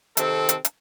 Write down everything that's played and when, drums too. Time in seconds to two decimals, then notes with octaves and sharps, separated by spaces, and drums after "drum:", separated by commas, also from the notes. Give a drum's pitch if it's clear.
0.17 C3 D#3 C4 A4, drum: hi-hat
0.49 drum: hi-hat
0.65 drum: hi-hat